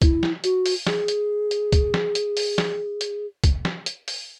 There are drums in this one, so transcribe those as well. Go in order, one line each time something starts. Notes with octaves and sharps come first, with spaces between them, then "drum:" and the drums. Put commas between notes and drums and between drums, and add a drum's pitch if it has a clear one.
E4, drum: kick, hi-hat
drum: snare
F#4, drum: hi-hat
drum: open hi-hat
G#4, drum: snare
drum: hi-hat
drum: hi-hat
drum: kick, hi-hat
drum: snare
drum: hi-hat
drum: open hi-hat
drum: snare
drum: hi-hat
drum: kick, hi-hat
drum: snare
drum: hi-hat
drum: open hi-hat